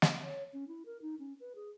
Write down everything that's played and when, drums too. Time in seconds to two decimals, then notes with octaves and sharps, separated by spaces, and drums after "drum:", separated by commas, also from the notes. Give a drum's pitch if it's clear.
0.02 drum: snare
0.23 C#5
0.53 C#4
0.68 E4
0.86 A#4
1.02 D#4
1.19 C#4
1.40 B4
1.55 G#4